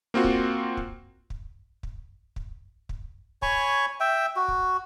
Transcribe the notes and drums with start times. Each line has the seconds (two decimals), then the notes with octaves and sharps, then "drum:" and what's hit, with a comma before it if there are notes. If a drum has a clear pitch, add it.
0.14 A#3 C4 F4 F#4
0.24 drum: kick
0.77 drum: kick
1.30 drum: kick
1.83 drum: kick
2.36 drum: kick
2.89 drum: kick
3.42 C#5 G#5 B5 C#6, drum: kick
4.00 E5 G5
4.36 F#4
4.48 drum: kick